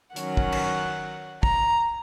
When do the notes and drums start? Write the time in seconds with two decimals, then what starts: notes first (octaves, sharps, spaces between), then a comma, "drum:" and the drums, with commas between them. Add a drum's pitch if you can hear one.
0.16 D#3 F#3 C#4 F#5, drum: hi-hat
0.37 drum: kick
0.52 drum: cymbal
1.43 A#5, drum: kick